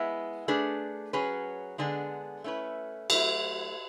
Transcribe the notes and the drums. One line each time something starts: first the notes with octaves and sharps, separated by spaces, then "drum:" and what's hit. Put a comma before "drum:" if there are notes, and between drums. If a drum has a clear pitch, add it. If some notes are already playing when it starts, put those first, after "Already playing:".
Already playing: G#3 B3 E4
A3 D4 G#4 B4
F#3 C#4 G#4 B4
D3 G#3 B3 D4 G#4
A3 C#4 E4 B4
F#3 A3 E4, drum: cymbal